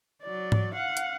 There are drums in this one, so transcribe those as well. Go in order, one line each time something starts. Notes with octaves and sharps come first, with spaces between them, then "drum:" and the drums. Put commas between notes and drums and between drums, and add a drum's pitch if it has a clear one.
F#3 D5
drum: tom G#2
F5 F#5
drum: hi-hat